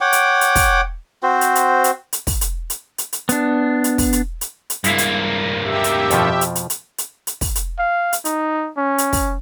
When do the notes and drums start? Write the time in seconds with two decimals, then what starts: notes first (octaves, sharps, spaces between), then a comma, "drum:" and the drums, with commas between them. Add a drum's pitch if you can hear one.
0.01 C#5 F#5 G5 D6
0.13 drum: hi-hat
0.41 drum: hi-hat
0.55 drum: kick, open hi-hat
1.23 C4 F#4 C5
1.41 drum: hi-hat
1.55 drum: hi-hat
1.84 drum: hi-hat
2.13 drum: hi-hat
2.27 drum: kick, open hi-hat
2.41 drum: hi-hat
2.70 drum: hi-hat
2.98 drum: hi-hat
3.13 drum: hi-hat
3.29 B3 D4, drum: hi-hat
3.84 drum: hi-hat
3.98 drum: kick, open hi-hat
4.13 drum: hi-hat
4.41 drum: hi-hat
4.70 drum: hi-hat
4.84 G2 G#3 A#3 E4, drum: hi-hat
4.98 drum: hi-hat
5.64 G4 E5
5.84 drum: hi-hat
6.10 F2 B2 F3, drum: hi-hat
6.41 drum: hi-hat
6.55 drum: hi-hat
6.70 drum: hi-hat
6.98 drum: hi-hat
7.27 drum: hi-hat
7.41 drum: kick, open hi-hat
7.55 drum: hi-hat
7.79 F5
8.13 drum: hi-hat
8.25 D#4, drum: hi-hat
8.77 C#4
8.98 drum: hi-hat
9.13 drum: kick, open hi-hat